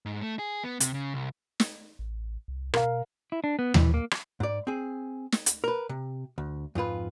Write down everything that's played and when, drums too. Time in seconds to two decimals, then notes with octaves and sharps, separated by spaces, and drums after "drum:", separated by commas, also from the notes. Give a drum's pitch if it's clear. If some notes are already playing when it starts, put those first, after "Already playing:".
0.06 G#2
0.22 A3
0.39 G#4
0.64 B3
0.80 C3, drum: hi-hat
0.94 C#3
1.14 C2
1.60 drum: snare
1.99 A1
2.48 C2
2.74 B2 A#4 F5, drum: rim click
3.32 E4
3.44 D4
3.59 B3
3.74 E3, drum: tom D#2
3.94 A#3
4.11 drum: rim click
4.40 G#2 D5
4.67 C4 G#4
5.32 drum: snare
5.46 drum: hi-hat
5.64 A#4 B4
5.89 C3
6.38 D2
6.75 F2 G#2 F4 B4